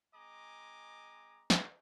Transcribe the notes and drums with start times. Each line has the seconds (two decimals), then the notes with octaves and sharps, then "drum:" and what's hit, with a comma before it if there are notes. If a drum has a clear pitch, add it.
0.14 G#3 C4 D#5 G#5 A#5 D6
1.50 drum: snare